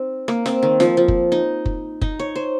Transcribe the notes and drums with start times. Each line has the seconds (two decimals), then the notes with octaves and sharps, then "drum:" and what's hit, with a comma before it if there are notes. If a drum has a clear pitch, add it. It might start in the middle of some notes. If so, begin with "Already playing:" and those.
Already playing: C4 D#4
0.28 A#3, drum: rim click
0.46 C4, drum: snare
0.63 D#3
0.80 F3, drum: snare
0.97 F3
1.08 drum: kick F#1
1.32 D#4
1.65 drum: kick F#1
2.02 D#4, drum: kick F#1
2.19 C#5
2.36 C5